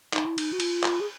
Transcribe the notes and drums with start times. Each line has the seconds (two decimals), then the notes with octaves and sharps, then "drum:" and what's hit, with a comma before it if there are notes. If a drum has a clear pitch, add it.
0.13 D#4, drum: clap
0.26 E4
0.38 D#4, drum: cymbal
0.53 F#4
0.60 F4, drum: cymbal
0.84 drum: clap
1.01 G#4